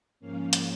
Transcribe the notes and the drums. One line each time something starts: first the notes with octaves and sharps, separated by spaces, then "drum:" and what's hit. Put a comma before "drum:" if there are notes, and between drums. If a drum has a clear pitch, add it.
G#2 F3 A#3 C#4 F5
drum: hi-hat